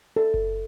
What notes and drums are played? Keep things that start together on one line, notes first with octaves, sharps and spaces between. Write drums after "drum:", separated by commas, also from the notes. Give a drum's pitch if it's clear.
A4
drum: kick F#1